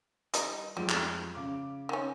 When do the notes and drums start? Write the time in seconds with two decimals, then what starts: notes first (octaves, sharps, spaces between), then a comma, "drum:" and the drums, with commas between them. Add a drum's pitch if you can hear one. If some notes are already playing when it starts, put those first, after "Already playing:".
0.34 D#3 G3 D#4, drum: hi-hat
0.77 F2 F3 G3 G#3
0.89 drum: clap
1.35 C#3 D6
1.89 D#3 C#4